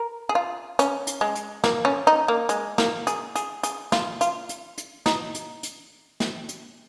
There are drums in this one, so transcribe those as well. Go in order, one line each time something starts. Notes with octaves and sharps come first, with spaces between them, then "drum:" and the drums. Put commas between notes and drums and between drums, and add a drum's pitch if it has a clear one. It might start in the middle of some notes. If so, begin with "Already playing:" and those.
Already playing: A#4
G#4
F4
C#4, drum: hi-hat
drum: hi-hat
G#3
drum: hi-hat
A#3, drum: snare
C#4
D#4
A#3
G#3, drum: hi-hat
A#3, drum: snare
G#4, drum: hi-hat
G#4, drum: hi-hat
G#4, drum: hi-hat
F4, drum: snare
F4, drum: hi-hat
drum: hi-hat
drum: hi-hat
D#4, drum: snare
drum: hi-hat
drum: hi-hat
drum: snare
drum: hi-hat